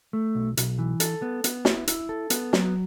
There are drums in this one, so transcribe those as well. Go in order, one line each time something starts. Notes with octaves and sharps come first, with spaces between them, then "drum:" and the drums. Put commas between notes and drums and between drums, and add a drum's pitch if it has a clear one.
A3
B1
B1, drum: hi-hat
E3
A4, drum: hi-hat
B3
B3, drum: hi-hat
E4, drum: snare
E4, drum: hi-hat
A4
B3, drum: hi-hat
F#3, drum: snare